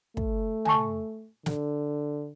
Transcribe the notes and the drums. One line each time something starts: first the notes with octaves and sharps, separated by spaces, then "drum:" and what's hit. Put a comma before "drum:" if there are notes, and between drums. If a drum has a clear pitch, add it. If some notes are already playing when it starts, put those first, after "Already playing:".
A3, drum: kick
G#5 A5 C#6, drum: tom
D3, drum: snare